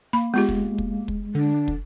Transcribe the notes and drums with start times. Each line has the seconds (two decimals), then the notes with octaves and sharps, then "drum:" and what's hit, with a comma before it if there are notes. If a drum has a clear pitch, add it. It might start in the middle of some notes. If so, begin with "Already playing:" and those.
0.13 A#3 B5
0.34 G#3 B3 F4 G4
0.49 drum: kick
0.78 drum: kick
1.08 drum: kick
1.35 D3 D4
1.68 drum: kick